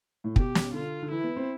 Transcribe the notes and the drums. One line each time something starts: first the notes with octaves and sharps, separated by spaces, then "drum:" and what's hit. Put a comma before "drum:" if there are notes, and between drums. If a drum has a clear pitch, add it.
A2
B2 G4, drum: kick
drum: snare
D3 F4
D3
E3 E4
B3
C4